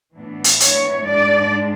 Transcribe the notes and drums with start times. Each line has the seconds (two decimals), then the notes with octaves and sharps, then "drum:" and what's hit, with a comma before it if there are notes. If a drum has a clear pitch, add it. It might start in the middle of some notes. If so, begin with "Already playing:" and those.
0.15 A2 E3 B3 D4
0.44 drum: hi-hat
0.60 C#5, drum: hi-hat
1.05 G#2 G#3 D4 D5